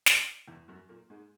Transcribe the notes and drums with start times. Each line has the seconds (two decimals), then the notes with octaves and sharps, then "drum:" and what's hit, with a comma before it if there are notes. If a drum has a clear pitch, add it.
0.06 drum: snare
0.48 E2 E3
0.68 F#2 F#3
0.89 A#2 A#3
1.10 G#2 G#3